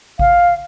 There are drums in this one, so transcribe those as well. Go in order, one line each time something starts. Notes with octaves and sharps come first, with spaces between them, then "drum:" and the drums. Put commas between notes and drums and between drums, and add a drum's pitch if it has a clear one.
F5, drum: kick G#1